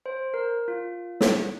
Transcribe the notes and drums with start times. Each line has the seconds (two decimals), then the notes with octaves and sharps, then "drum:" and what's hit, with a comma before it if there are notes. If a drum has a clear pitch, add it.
0.06 C5
0.34 A#4
0.68 F4
1.21 drum: snare